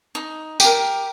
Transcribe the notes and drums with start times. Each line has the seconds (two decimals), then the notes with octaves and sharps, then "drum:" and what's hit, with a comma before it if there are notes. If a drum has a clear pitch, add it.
0.15 D#4
0.60 G4 A#4, drum: tambourine